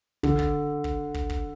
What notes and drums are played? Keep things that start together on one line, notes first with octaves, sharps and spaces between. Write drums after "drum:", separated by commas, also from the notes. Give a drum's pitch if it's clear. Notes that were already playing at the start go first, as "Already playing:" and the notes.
D3, drum: kick
drum: kick
drum: kick
drum: kick
drum: kick